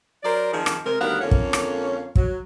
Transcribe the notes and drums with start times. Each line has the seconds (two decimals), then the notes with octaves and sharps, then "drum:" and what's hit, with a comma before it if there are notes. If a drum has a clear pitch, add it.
0.23 F#3 A#4 C5 D5
0.51 D#3 F3 G#3 C4 G#4
0.66 drum: rim click
0.84 C3 G#3 C4 A#4
1.00 D2 D#3 G3 B3 F5 F#5
1.21 F2 D3 A#3 C#4 C#5 F5
1.31 drum: kick
1.53 drum: rim click
2.16 F#3, drum: kick